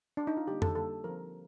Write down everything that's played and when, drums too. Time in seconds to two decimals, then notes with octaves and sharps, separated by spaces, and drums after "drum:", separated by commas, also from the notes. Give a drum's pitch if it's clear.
0.17 D4
0.27 D#4
0.37 F4
0.47 D3 G3 A#3 G4
0.62 A4, drum: tom F2
0.75 D3 G3 A#3 A4
1.04 F3 C4 A#4